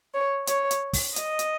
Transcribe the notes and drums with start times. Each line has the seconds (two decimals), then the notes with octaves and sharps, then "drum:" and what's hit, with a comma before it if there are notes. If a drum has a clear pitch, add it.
0.14 C#5
0.47 C#5, drum: hi-hat
0.71 drum: hi-hat
0.93 drum: kick, open hi-hat
1.16 D#5, drum: hi-hat
1.39 drum: hi-hat